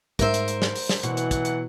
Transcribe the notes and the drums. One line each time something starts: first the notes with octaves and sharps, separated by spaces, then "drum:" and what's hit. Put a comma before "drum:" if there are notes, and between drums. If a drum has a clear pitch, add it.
G#2 A#4 C5 E5, drum: kick, hi-hat
drum: hi-hat
drum: hi-hat
drum: snare
drum: open hi-hat
drum: snare
B2 E3 F#3 F#5, drum: hi-hat
drum: hi-hat
drum: kick, hi-hat
drum: hi-hat